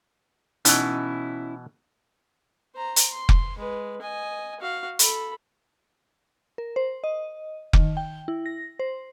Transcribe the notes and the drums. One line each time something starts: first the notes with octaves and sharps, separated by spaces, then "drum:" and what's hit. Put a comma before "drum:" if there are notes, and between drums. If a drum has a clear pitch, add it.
B2 E3 C#4 D#4 E4, drum: hi-hat
C5 A#5
drum: hi-hat
C6
drum: kick F1
G#3 B4
D#5 G#5
F#4 F5
A4 B5, drum: hi-hat
A#4
C5
D#5
D#3, drum: kick F1
G5
E4
A#6
C5